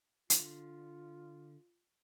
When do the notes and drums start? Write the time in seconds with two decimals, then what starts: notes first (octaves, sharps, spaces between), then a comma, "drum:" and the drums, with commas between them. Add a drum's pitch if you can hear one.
0.30 D3 F4, drum: hi-hat